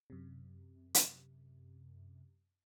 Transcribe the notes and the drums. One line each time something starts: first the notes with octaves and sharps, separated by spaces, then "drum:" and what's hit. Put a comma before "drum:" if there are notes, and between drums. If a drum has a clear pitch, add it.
F#2 C3
drum: hi-hat